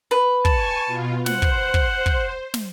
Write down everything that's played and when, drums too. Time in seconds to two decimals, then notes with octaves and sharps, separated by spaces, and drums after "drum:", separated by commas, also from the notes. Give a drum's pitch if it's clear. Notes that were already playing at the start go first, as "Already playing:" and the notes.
0.11 B4
0.45 G#5 A5 C#6, drum: kick
0.86 B2 F4
1.26 C5 F#5, drum: snare
1.42 drum: kick
1.74 drum: kick
2.06 drum: kick
2.54 drum: snare